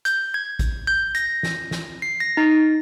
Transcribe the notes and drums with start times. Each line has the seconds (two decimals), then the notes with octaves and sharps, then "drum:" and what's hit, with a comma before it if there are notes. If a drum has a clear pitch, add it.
0.05 G6, drum: hi-hat
0.34 G#6
0.59 drum: kick, hi-hat
0.87 G6
1.15 A#6, drum: hi-hat
1.43 drum: snare
1.71 drum: snare
2.02 C7
2.20 A#6
2.37 D#4